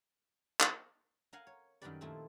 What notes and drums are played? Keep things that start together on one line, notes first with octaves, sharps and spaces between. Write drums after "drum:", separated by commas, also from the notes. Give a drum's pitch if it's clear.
drum: clap
A#4 F5 F#5 G#5
C#5
F#2 D#3 G3 G4 B4 D5
A#2 D#3 F3 A3 C4 E4